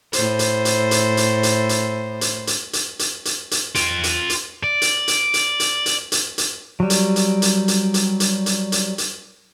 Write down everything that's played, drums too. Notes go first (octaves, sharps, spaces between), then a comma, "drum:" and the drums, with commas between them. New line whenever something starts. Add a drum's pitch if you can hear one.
A2 C5, drum: hi-hat
drum: hi-hat
drum: hi-hat
drum: hi-hat
drum: hi-hat
drum: hi-hat
drum: hi-hat
drum: hi-hat
drum: hi-hat
drum: hi-hat
drum: hi-hat
drum: hi-hat
drum: hi-hat
F4 G5, drum: hi-hat
drum: hi-hat
drum: hi-hat
D5
drum: hi-hat
drum: hi-hat
drum: hi-hat
drum: hi-hat
drum: hi-hat
drum: hi-hat
drum: hi-hat
F#3 G3
drum: hi-hat
drum: hi-hat
drum: hi-hat
drum: hi-hat
drum: hi-hat
drum: hi-hat
drum: hi-hat
drum: hi-hat
drum: hi-hat